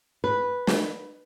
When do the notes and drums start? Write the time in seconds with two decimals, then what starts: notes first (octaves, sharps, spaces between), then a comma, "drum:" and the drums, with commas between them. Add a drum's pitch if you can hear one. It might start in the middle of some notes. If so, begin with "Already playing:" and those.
0.24 B4
0.67 drum: snare